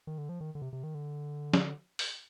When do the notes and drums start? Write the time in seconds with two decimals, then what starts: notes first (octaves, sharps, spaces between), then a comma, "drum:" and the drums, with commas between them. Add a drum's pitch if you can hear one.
0.07 D#3
0.18 D3
0.29 F3
0.41 D#3
0.55 D3
0.62 C3
0.73 C3
0.83 D#3
0.95 D3
1.54 drum: snare
1.99 drum: open hi-hat